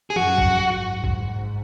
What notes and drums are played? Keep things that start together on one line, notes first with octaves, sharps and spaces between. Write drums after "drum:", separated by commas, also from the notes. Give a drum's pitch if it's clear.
G#4
F#2 F#4, drum: tom
drum: kick
G#2
drum: kick